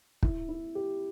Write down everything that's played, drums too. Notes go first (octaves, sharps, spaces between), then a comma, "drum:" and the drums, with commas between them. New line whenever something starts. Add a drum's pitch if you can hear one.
E4, drum: kick
E4
G4